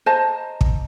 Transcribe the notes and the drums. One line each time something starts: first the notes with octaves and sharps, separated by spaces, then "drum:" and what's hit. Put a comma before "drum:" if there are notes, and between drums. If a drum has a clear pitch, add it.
C5 D#5 A5 A#5
drum: kick